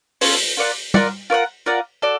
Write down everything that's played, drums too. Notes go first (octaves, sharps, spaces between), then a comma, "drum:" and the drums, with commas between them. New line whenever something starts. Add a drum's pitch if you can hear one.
C#4 F4 A4, drum: open hi-hat
F4 A#4 D5 F#5
F4 A#4 D5 F#5, drum: tom
F4 A#4 D5 F#5
F4 A#4 D5 F#5
F#4 A4 D5